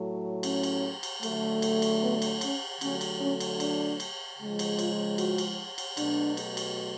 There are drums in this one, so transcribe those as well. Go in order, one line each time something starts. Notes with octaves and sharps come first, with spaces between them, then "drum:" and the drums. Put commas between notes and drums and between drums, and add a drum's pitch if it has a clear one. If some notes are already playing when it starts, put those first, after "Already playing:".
Already playing: A2 F#3 A3
C#4, drum: cymbal
drum: cymbal
drum: cymbal
D3 F#3 A3, drum: cymbal
drum: cymbal
drum: cymbal
B3
drum: cymbal
C#4, drum: cymbal
D3 F#3 A3 C#4, drum: cymbal
drum: cymbal
C#4
drum: cymbal
D4, drum: cymbal
drum: cymbal
C#3 F3 G#3
drum: cymbal
F4, drum: cymbal
F#4, drum: cymbal
drum: cymbal
drum: cymbal
B2 F#3 A3 D4, drum: cymbal
drum: cymbal
drum: cymbal